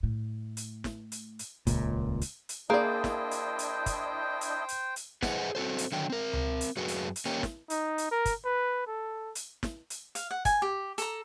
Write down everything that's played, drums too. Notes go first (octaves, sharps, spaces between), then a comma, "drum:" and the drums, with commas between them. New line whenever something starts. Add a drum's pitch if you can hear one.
A2
drum: hi-hat
drum: snare
drum: hi-hat
drum: hi-hat
D#1 C#2 A#2, drum: kick, hi-hat
drum: hi-hat
drum: hi-hat
A#3 D4 E4 G#4 C5 D5 D#5 G5
drum: snare
drum: hi-hat
drum: hi-hat
drum: kick, hi-hat
drum: hi-hat
drum: hi-hat
drum: hi-hat
G#4 B4 C5 D#5 F#5, drum: snare
C4 F#4 A4 C5
drum: hi-hat
D3 D#3 F#3 G5
C4 A#4
drum: tom C#2
drum: hi-hat
F#2 F#4 G#4 B4
drum: hi-hat
drum: hi-hat
A#3 C#4 G4
drum: snare
D#4, drum: hi-hat
drum: hi-hat
A#4
drum: kick, hi-hat
B4
A4
drum: hi-hat
drum: snare
drum: hi-hat
F5, drum: hi-hat
F#5
G#5, drum: kick, hi-hat
G4
A4 A#5, drum: hi-hat